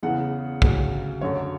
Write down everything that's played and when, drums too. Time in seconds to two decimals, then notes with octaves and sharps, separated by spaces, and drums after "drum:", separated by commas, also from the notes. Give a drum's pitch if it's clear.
0.03 E2 C#3 E3 F#5
0.62 D2 C#3 F#3, drum: kick B1
1.21 F#2 D3 F#3 C#5